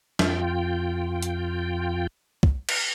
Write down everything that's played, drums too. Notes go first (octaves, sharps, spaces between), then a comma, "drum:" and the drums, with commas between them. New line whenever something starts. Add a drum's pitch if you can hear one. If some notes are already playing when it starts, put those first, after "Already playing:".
F2 F4 G5, drum: snare
drum: hi-hat
drum: kick
drum: cymbal